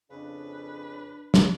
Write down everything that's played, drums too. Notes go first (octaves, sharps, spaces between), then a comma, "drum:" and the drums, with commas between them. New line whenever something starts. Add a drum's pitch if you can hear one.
F2 C#3 D4 B4
drum: snare